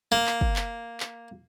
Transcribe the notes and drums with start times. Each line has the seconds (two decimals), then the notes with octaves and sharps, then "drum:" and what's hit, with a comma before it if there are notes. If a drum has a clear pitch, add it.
0.12 A#3
0.27 drum: clap
0.41 drum: kick
0.56 drum: clap
1.00 drum: clap